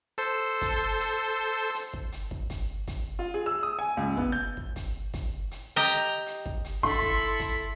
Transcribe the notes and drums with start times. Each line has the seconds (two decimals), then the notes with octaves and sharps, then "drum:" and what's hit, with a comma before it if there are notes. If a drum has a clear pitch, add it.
0.18 A4 C5
0.61 drum: kick, hi-hat
0.99 drum: hi-hat
1.74 drum: hi-hat
1.93 drum: kick
2.12 drum: hi-hat
2.31 drum: kick
2.50 drum: kick, hi-hat
2.88 drum: kick, hi-hat
3.19 F4
3.34 G#4
3.46 E6
3.63 D#6
3.79 G#5
3.97 C#2
4.17 B3, drum: kick
4.32 G6
4.57 drum: kick
4.76 drum: kick, hi-hat
5.14 drum: kick, hi-hat
5.51 drum: hi-hat
5.76 G4 D#5 G5 A#5
6.27 drum: hi-hat
6.46 drum: kick
6.64 drum: hi-hat
6.83 E4 A4 B5 C6, drum: kick
7.02 drum: kick
7.40 drum: kick, hi-hat